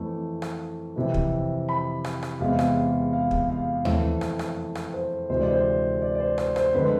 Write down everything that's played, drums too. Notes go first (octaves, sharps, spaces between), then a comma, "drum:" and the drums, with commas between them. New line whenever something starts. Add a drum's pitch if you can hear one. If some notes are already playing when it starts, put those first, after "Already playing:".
Already playing: F2 E3 A3
drum: rim click
F2 C3 E3
drum: kick
B5
drum: rim click
drum: rim click
E2 C3 G#3 F5
drum: rim click
F5
drum: kick
F5
F2 E3 A3 E5, drum: tom D#2
drum: rim click
drum: rim click
drum: rim click
C5
D2 C3 E3 G#3 C5
D5
C5
D5
D5
C5
C5, drum: rim click
C5, drum: rim click
F2 D3 G#3 B4